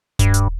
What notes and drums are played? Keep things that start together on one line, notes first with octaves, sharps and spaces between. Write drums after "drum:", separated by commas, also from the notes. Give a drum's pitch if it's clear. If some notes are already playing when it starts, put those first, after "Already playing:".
G2, drum: kick D#1, hi-hat
drum: hi-hat